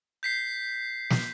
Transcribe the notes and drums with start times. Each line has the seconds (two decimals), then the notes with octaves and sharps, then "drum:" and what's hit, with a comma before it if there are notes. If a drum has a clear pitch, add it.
0.23 G6 B6 C7
1.10 drum: snare